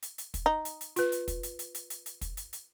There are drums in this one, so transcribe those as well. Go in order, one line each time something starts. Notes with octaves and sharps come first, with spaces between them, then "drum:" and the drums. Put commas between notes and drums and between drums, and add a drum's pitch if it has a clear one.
drum: hi-hat
drum: hi-hat
drum: kick, hi-hat
D#4
drum: hi-hat
drum: hi-hat
F4 B4, drum: hi-hat
drum: hi-hat
drum: kick, hi-hat
drum: hi-hat
drum: hi-hat
drum: hi-hat
drum: hi-hat
drum: hi-hat
drum: kick, hi-hat
drum: hi-hat
drum: hi-hat